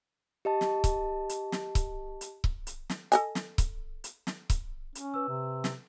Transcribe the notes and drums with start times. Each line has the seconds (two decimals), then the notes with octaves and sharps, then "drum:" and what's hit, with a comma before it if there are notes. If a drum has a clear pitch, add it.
0.45 G4 D#5 A5
0.61 drum: snare
0.84 drum: kick C#1, hi-hat
1.29 drum: hi-hat
1.52 drum: snare
1.75 drum: kick C#1, hi-hat
2.21 drum: hi-hat
2.44 drum: kick C#1
2.67 drum: hi-hat
2.89 drum: snare
3.12 A4 D#5 G#5, drum: hi-hat
3.35 drum: snare
3.58 drum: kick C#1, hi-hat
4.04 drum: hi-hat
4.27 drum: snare
4.50 drum: kick C#1, hi-hat
4.95 C#4, drum: hi-hat
5.14 B4 E6
5.28 C3
5.64 drum: snare